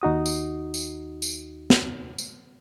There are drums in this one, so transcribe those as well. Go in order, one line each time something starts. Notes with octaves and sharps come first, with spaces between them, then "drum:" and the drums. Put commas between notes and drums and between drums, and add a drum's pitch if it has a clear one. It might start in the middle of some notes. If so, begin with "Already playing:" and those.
D#2 D#4 F#4 D#6
drum: tambourine
drum: tambourine
drum: tambourine
drum: snare
drum: tambourine